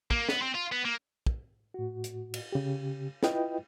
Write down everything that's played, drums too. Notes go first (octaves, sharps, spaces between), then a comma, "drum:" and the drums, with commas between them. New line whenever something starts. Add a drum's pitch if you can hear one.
A#3, drum: kick
B3, drum: snare
C4
F4
B3
A#3
drum: kick
A2 F#4
drum: hi-hat
drum: cymbal
C#3 G4
E4 F4 B4 D#5 G5, drum: snare